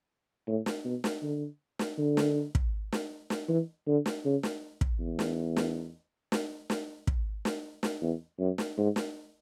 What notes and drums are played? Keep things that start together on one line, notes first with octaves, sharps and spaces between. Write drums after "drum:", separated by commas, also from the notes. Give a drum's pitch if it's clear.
A2
drum: snare
B2
drum: snare
D3
drum: snare
D3
drum: snare
drum: kick
drum: snare
drum: snare
E3
D3
drum: snare
C#3
drum: snare
drum: kick
E2
drum: snare
drum: snare
drum: snare
drum: snare
drum: kick
drum: snare
drum: snare
E2
F#2
drum: snare
G#2
drum: snare